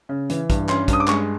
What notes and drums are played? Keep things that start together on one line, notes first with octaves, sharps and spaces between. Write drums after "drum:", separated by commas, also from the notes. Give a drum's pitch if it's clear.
C#3
E3, drum: hi-hat
G2, drum: kick, hi-hat
C#4 C6, drum: clap
G2 D#6, drum: kick, hi-hat
D6
G#3 C#6, drum: clap